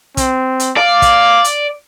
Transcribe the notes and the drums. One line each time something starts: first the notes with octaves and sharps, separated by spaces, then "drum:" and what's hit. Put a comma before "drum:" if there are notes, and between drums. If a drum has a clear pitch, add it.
C4, drum: kick, hi-hat
drum: hi-hat
D5 F5
drum: kick, hi-hat
drum: hi-hat